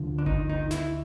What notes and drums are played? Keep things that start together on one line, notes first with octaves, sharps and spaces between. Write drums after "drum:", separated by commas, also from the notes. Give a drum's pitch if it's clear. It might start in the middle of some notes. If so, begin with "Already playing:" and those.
Already playing: D2 D3 F3
D4
D#4, drum: kick G1
D#4
E4, drum: snare